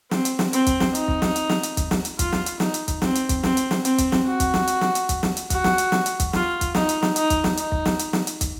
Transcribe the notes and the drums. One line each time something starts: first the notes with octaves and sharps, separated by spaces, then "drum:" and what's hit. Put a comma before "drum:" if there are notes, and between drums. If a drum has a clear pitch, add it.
C4, drum: snare
drum: hi-hat
drum: snare
C4, drum: hi-hat
drum: kick, hi-hat
drum: snare
D#4, drum: hi-hat
drum: kick
drum: snare
drum: hi-hat
drum: snare
drum: hi-hat
drum: kick, hi-hat
drum: snare
drum: hi-hat
F4, drum: kick, hi-hat
drum: snare
drum: hi-hat
D#4, drum: snare
drum: hi-hat
drum: kick, hi-hat
C4, drum: snare
drum: hi-hat
drum: kick, hi-hat
C4, drum: snare
drum: hi-hat
drum: snare
C4, drum: hi-hat
drum: kick, hi-hat
drum: snare
F#4
drum: kick, hi-hat
drum: snare
drum: hi-hat
drum: snare
drum: hi-hat
drum: kick, hi-hat
drum: snare
drum: hi-hat
F#4, drum: kick, hi-hat
drum: snare
drum: hi-hat
drum: snare
drum: hi-hat
drum: kick, hi-hat
F4, drum: snare
drum: kick, hi-hat
D#4, drum: snare
drum: hi-hat
drum: snare
D#4, drum: hi-hat
drum: kick, hi-hat
drum: snare
D#4, drum: hi-hat
drum: kick
drum: snare
drum: hi-hat
drum: snare
drum: hi-hat
drum: kick, hi-hat